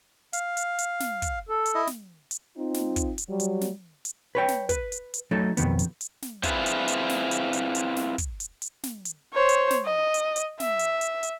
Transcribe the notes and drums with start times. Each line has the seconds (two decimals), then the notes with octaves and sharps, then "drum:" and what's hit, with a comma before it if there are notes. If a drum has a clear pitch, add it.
0.33 F5, drum: hi-hat
0.57 drum: hi-hat
0.79 drum: hi-hat
1.00 drum: snare
1.22 drum: kick, hi-hat
1.49 A4
1.66 drum: hi-hat
1.75 E4 D#5
1.87 drum: snare
2.31 drum: hi-hat
2.57 C4 D#4 F4
2.74 drum: snare
2.96 drum: kick, hi-hat
3.18 drum: hi-hat
3.29 F#3 G3
3.40 drum: hi-hat
3.61 drum: snare
4.05 drum: hi-hat
4.35 B4 C#5 G5
4.48 drum: snare
4.69 B4, drum: kick, hi-hat
4.92 drum: hi-hat
5.14 drum: hi-hat
5.31 F#3 A3 D#4 A4
5.57 B1 F2 G#2 D#3 B3, drum: hi-hat
5.79 drum: hi-hat
6.01 drum: hi-hat
6.22 drum: snare
6.43 C4 E4 F4 G#4 B4, drum: kick, hi-hat
6.66 drum: hi-hat
6.88 drum: hi-hat
7.09 drum: snare
7.31 drum: hi-hat
7.53 drum: hi-hat
7.75 drum: hi-hat
7.96 drum: snare
8.18 drum: kick, hi-hat
8.40 drum: hi-hat
8.62 drum: hi-hat
8.83 drum: snare
9.05 drum: hi-hat
9.34 C5 C#5
9.49 drum: hi-hat
9.70 drum: snare
9.85 D#5
10.14 drum: hi-hat
10.36 drum: hi-hat
10.60 E5, drum: snare
10.79 drum: hi-hat
11.01 drum: hi-hat
11.23 drum: hi-hat